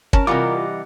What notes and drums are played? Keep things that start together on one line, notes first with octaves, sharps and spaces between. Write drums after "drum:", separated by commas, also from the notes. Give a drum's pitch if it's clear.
C#4 A#4 A5, drum: kick
C3 E3 G3 F4 D#5 F#5 D6